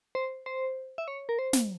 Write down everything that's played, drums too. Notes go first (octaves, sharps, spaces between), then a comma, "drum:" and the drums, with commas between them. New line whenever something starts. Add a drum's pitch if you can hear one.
C5
C5
E5
C#5
A#4
C5
drum: snare